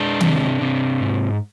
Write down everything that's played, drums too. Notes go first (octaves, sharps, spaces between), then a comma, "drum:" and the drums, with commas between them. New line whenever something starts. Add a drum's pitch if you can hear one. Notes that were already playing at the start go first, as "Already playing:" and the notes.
Already playing: G#3 D4
C3, drum: tom D#3
C3
G#2